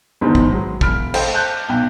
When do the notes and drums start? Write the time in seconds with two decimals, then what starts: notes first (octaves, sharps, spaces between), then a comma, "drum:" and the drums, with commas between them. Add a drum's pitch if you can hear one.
0.21 G1 E2 G#2 D#3
0.35 drum: kick
0.51 F#3 G#3
0.81 E1 B5 F6 D7, drum: kick
1.14 A4 C5 D#5 F5 G5 A5, drum: cymbal
1.34 A5 F#6 G6
1.69 B1 G5